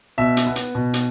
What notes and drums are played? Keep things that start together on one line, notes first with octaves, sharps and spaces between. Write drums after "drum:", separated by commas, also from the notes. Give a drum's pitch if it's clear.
B2 E5
drum: hi-hat
B3
drum: hi-hat
B2
drum: hi-hat